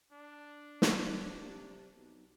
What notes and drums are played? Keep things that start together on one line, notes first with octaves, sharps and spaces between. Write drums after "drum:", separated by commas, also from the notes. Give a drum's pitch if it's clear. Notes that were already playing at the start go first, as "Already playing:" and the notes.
D4
A#1, drum: snare
C3
B1